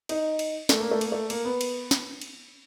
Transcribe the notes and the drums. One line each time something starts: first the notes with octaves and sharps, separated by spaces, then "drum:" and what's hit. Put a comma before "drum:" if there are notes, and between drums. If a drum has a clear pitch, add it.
D#4, drum: cymbal
drum: cymbal
A3, drum: snare
A#3
A3
A#3, drum: cymbal
A3
A#3, drum: cymbal
B3
drum: cymbal
drum: snare
drum: cymbal